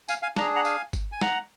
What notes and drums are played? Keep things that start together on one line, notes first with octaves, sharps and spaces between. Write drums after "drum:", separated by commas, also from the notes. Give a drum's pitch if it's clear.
F5 G#5, drum: tambourine
F5 G#5
D4 G#4 A#5, drum: snare
F#5 A#5
F5 G#5, drum: tambourine
drum: kick G1, tambourine
G#5
F#5 A#5, drum: snare